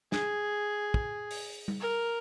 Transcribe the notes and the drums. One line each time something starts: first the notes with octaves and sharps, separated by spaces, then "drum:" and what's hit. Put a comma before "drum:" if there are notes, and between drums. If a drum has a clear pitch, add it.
G#4, drum: snare
drum: kick
drum: open hi-hat
drum: tom G3
A#4